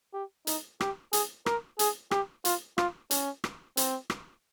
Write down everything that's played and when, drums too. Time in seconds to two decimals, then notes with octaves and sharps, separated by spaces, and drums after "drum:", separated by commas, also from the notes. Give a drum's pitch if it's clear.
0.14 G4
0.47 D#4, drum: hi-hat
0.81 G4, drum: rim click
1.13 G#4, drum: hi-hat
1.46 A#4, drum: rim click
1.79 G#4, drum: hi-hat
2.11 G4, drum: rim click
2.45 F4, drum: hi-hat
2.78 F4, drum: rim click
3.11 C#4, drum: hi-hat
3.44 drum: rim click
3.77 C4, drum: hi-hat
4.10 drum: rim click